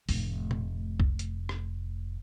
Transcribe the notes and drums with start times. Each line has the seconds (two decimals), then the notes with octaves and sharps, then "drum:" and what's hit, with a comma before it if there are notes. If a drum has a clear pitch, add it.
0.09 F1 A2, drum: open hi-hat
0.51 drum: tom A#2
1.00 drum: kick C2
1.19 drum: hi-hat
1.49 drum: rim click